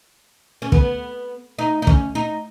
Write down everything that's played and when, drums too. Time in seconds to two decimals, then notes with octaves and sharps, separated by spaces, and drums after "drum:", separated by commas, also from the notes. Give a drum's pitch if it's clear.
0.62 C#4
0.72 B3, drum: kick
1.59 D#4
1.82 D#4
1.87 C#4, drum: kick
2.15 D#4